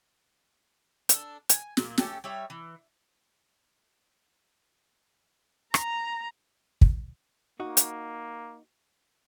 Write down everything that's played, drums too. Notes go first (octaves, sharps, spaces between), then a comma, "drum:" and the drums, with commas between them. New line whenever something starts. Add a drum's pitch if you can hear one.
D4 A4, drum: hi-hat
G#5, drum: hi-hat
A#2 A#3, drum: snare
A3 C#4 G4 A4, drum: snare
G3 C#5 E5
E3
A#5, drum: rim click
drum: kick
A#3 D#4 F#4
drum: hi-hat